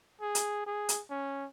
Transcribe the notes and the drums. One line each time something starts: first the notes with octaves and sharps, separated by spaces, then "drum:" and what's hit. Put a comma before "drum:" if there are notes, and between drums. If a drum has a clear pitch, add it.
G#4
drum: hi-hat
G#4
drum: hi-hat
C#4